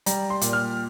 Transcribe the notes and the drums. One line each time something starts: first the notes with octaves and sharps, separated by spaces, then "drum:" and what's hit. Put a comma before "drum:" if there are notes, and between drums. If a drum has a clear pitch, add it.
G3 A#5, drum: hi-hat
C6
A#2, drum: hi-hat
F6